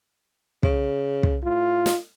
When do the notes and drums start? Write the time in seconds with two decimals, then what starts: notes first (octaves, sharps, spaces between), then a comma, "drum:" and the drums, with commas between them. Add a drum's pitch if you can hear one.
0.63 C#3, drum: kick
1.23 drum: kick
1.44 A2 F4
1.86 drum: snare